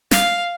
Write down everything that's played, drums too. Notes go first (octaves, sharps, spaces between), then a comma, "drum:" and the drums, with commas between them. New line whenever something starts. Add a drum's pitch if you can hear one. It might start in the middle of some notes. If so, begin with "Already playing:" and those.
F5, drum: snare